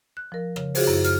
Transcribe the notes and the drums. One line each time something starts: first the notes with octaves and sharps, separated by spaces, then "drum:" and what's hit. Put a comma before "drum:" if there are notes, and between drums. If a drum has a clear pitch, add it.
F#6
F3 A#4
C#3, drum: rim click
F4 F#4 G#4 C5, drum: open hi-hat
F#2 E4
F6, drum: hi-hat